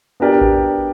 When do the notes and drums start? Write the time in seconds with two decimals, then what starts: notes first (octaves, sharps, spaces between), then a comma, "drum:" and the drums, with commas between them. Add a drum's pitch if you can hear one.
0.20 B3 D4 G4 A#4 D5
0.41 drum: kick A1